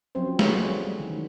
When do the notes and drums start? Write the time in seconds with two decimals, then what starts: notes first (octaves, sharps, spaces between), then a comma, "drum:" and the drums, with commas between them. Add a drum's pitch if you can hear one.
0.15 F3 F#3 C4 C#4 C5
0.39 F3 A3 B3 G#4 B4 C#5, drum: snare
0.70 G3
1.00 D#3 E3 F#3